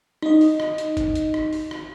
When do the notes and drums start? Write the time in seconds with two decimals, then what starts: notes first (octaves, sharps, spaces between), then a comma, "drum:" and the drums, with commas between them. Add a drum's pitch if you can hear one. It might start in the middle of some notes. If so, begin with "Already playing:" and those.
0.22 D#4 D#5, drum: rim click
0.41 drum: open hi-hat
0.60 drum: rim click
0.78 drum: hi-hat
0.97 drum: kick, hi-hat
1.15 drum: hi-hat
1.34 drum: rim click
1.53 drum: open hi-hat
1.71 drum: rim click